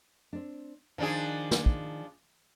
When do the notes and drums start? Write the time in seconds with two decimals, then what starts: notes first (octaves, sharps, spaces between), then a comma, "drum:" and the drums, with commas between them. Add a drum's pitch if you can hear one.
0.33 C4 D4
0.98 D#3 F3 D4 G#4
1.51 drum: snare
1.66 drum: kick